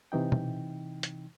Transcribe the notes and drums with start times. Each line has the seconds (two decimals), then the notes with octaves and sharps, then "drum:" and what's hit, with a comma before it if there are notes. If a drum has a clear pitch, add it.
0.12 C3 E3 D#4 G5
0.32 drum: tom
1.03 drum: hi-hat